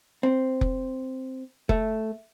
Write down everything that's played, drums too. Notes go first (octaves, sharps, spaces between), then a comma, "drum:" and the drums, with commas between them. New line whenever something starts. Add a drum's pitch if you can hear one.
C4
drum: kick F1
A3, drum: kick F1